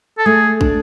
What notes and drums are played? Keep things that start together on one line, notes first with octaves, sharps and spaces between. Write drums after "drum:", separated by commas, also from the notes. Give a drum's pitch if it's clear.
A4
A3 G#4
D4, drum: kick